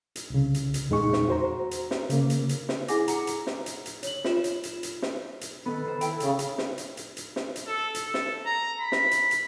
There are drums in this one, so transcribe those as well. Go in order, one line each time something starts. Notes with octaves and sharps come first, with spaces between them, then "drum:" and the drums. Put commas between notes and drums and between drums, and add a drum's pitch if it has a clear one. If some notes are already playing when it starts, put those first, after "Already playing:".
drum: hi-hat
C2 C#3
drum: hi-hat
drum: hi-hat
E2 A#2 G#3 D#4 G#4 C#6
drum: snare
F#4 C5 A#5
drum: hi-hat
drum: snare
C#3 A#3, drum: hi-hat
drum: hi-hat
drum: hi-hat
drum: snare
E4 G#4 F#5 G#5 D6 A#6, drum: hi-hat
A#5 C#7, drum: hi-hat
drum: hi-hat
drum: snare
drum: hi-hat
drum: hi-hat
C#5 F#7, drum: hi-hat
F4 E7, drum: snare
drum: hi-hat
drum: hi-hat
drum: hi-hat
drum: snare
drum: hi-hat
D#3 B3 A4 B4
D#3 C5
E4 G5, drum: hi-hat
C#3, drum: hi-hat
drum: hi-hat
drum: snare
drum: hi-hat
drum: hi-hat
drum: hi-hat
drum: snare
drum: hi-hat
A4
drum: hi-hat
A4
drum: snare
A#5
B5
drum: snare
drum: hi-hat
drum: hi-hat